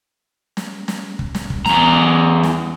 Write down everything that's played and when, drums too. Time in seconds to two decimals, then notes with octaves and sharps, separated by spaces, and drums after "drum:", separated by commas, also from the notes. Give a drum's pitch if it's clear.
0.57 drum: snare
0.88 drum: snare
1.19 drum: kick
1.35 drum: snare
1.50 drum: kick
1.66 E2 A#5, drum: snare
2.43 drum: snare